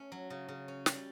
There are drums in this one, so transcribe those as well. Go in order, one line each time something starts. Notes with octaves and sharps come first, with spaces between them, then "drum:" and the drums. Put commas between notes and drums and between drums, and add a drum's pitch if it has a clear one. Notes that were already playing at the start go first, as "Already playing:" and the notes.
Already playing: A3 C#4
F#3
C#3
C#3
C#4
G3, drum: snare